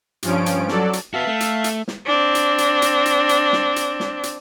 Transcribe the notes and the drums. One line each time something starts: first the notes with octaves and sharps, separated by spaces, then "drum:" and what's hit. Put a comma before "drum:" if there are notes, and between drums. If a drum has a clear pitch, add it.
G2 F3 C#4 D7, drum: hi-hat
drum: hi-hat
F#3 A4 D5, drum: snare
drum: hi-hat
F#4 B4 E5 F5 A5
A3
drum: hi-hat
drum: hi-hat
drum: snare
C4 D4
drum: hi-hat
drum: hi-hat
drum: hi-hat
drum: hi-hat
drum: hi-hat
drum: snare
drum: hi-hat
drum: snare
drum: hi-hat